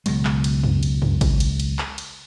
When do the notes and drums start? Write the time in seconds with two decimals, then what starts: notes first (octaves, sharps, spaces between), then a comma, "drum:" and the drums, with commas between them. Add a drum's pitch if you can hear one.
0.06 C#2 B2 F#3 G#3, drum: cymbal
0.25 drum: clap
0.44 drum: cymbal
0.63 drum: tom
0.83 drum: cymbal
1.02 drum: tom
1.21 drum: kick, cymbal
1.40 drum: cymbal
1.60 drum: cymbal
1.79 drum: clap
1.98 drum: cymbal